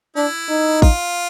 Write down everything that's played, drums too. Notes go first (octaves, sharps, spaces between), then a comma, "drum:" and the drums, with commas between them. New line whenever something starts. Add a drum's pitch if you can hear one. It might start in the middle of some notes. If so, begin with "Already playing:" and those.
D4 E4
D#4
F4, drum: kick A1